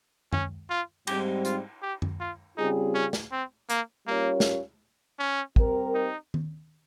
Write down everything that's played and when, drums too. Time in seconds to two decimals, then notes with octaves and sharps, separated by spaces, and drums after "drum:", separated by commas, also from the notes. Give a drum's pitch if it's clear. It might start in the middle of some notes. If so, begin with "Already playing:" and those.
0.33 C#4, drum: tom F#2
0.70 F4
1.07 G#2 G3 C4 G4, drum: cymbal
1.45 F4, drum: hi-hat
1.82 G4
2.02 drum: tom F#2
2.20 F4
2.57 C#3 G3 C4 D#4 F4 G#4
2.95 C#4
3.13 drum: snare
3.32 C4
3.69 A#3, drum: hi-hat
4.07 G3 A#3 C#4 F4 A#4 C#5
4.40 drum: snare
5.19 C#4
5.56 G3 C4 G4 A#4, drum: kick
5.94 D#4
6.34 drum: tom D#3